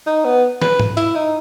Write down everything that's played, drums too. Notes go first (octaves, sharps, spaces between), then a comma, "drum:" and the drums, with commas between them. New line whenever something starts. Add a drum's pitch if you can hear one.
D#4
B3
B4, drum: snare
drum: tom G#2
E4, drum: hi-hat
D#4